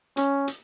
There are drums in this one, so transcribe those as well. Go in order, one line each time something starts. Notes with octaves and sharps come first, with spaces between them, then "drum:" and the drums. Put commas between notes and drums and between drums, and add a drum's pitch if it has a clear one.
C#4, drum: hi-hat
drum: hi-hat